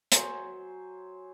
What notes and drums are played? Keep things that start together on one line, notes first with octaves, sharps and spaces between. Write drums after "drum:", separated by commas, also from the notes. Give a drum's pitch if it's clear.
F#3 C5 G#5, drum: hi-hat